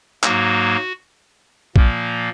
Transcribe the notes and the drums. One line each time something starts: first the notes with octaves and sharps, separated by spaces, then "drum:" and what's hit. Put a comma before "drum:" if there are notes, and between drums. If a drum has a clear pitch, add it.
G#2 F#3 A#3 F#4, drum: clap
A#2 F3 A#3, drum: kick A#1